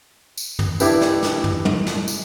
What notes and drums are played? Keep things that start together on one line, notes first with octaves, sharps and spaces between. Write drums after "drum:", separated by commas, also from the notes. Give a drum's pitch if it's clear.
drum: tambourine
drum: tom
D4 E4 G4 B4, drum: tambourine
drum: snare
drum: snare
drum: tom
drum: tom
drum: snare
drum: tambourine